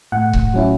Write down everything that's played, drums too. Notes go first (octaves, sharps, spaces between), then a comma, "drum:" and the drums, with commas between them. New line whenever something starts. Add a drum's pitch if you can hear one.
A2 F#5
drum: kick C#1
F#3 C#4 E4